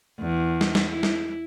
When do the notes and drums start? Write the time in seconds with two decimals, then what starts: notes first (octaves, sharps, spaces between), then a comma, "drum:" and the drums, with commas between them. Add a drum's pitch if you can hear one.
0.19 E2
0.61 drum: snare
0.75 drum: snare
0.89 E4
1.03 drum: snare